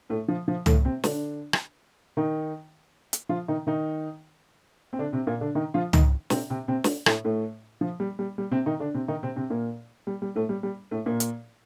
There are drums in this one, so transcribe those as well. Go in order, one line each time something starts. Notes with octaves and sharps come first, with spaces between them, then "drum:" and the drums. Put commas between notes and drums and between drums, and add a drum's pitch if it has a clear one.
A2 A3
F3
F3
A2 A3, drum: tom
C3 C4
D3 D4, drum: snare
drum: rim click
D#3 D#4
drum: hi-hat
F3 F4
D#3 D#4
D#3 D#4
C4
D3 D4
C3 C4
A#2 A#3
D3 D4
D#3 D#4
F3 F4
D#3 D#4, drum: tom
C3 C4, drum: snare
C3 C4
C3 C4
drum: snare
A2 A3, drum: rim click
A2 A3
F3
G3
G3
G3
C3 C4
D#3 D#4
D3 D4
C3 C4
D#3 D#4
C3 C4
C3 C4
A#2 A#3
G3
G3
A2 A3
G3
G3
A2 A3
A#2 A#3
drum: hi-hat